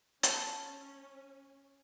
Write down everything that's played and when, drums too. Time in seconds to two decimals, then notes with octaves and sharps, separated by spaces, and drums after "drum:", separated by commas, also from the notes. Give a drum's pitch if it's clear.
0.23 C#4 A5, drum: hi-hat